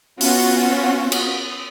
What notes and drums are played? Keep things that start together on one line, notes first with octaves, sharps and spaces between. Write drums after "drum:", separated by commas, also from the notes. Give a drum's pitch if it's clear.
B3 C#4 F4 F#4, drum: open hi-hat
drum: cymbal